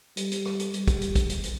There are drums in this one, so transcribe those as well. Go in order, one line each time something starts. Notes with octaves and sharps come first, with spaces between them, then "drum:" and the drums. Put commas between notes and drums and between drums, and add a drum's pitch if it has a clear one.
G3, drum: hi-hat
drum: hi-hat
drum: rim click
drum: hi-hat
G3, drum: hi-hat
drum: kick, hi-hat
drum: hi-hat
drum: kick, hi-hat
drum: hi-hat
drum: hi-hat